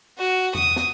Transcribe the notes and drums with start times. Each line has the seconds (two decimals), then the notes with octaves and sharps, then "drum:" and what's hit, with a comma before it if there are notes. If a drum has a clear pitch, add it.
0.18 F#4
0.55 D#6, drum: tom E2
0.76 drum: snare